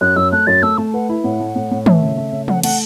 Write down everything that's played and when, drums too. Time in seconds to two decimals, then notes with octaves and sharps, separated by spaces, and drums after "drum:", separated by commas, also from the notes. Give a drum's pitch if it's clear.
0.01 F#2 F#6
0.16 F#2 E6
0.32 A3 F#6
0.47 F#2 A6
0.63 A3 E6
0.78 A3 A5
0.94 B4 F#5
1.09 E4
1.24 A2 F#5
1.40 A3
1.56 A2
1.71 A2
1.86 A3 E5, drum: tom
2.02 C#3
2.17 A3
2.32 C#3
2.48 A3 F#5, drum: tom E3
2.63 A3 F#5, drum: cymbal